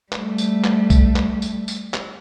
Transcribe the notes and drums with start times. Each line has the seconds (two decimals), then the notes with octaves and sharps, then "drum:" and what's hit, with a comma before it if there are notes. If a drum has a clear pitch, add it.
0.12 G3 A3, drum: clap
0.38 drum: tambourine
0.64 drum: clap
0.90 drum: kick B1, tambourine
1.16 drum: clap
1.42 drum: tambourine
1.68 drum: tambourine
1.94 drum: clap